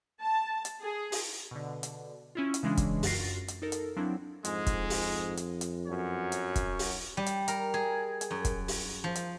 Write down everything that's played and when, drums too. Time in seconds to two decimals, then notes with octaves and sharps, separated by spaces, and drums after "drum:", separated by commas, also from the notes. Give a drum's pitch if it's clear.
0.21 A5
0.65 drum: hi-hat
0.81 G#4
1.12 drum: open hi-hat
1.51 B2 D3
1.83 drum: hi-hat
2.35 C#4 E4 F4
2.54 drum: hi-hat
2.63 C#3 E3 G#3 C#4 D4
2.77 drum: kick, hi-hat
3.03 F#2 F4 F#4 A6 A#6 C7, drum: open hi-hat
3.48 drum: hi-hat
3.62 D#4 A4 A#4
3.72 drum: hi-hat
3.96 F3 F#3 C4 D4 E4
4.45 F2 G#2 G#3, drum: hi-hat
4.66 drum: kick, hi-hat
4.90 drum: open hi-hat
5.37 drum: hi-hat
5.61 drum: hi-hat
5.88 F#2 F#3 C#5
6.32 drum: hi-hat
6.56 drum: kick, hi-hat
6.79 drum: open hi-hat
7.17 G3
7.26 drum: hi-hat
7.48 A#4, drum: hi-hat
7.74 G#4
8.21 drum: hi-hat
8.31 F#2
8.45 drum: kick, hi-hat
8.68 drum: open hi-hat
9.04 F3
9.15 drum: hi-hat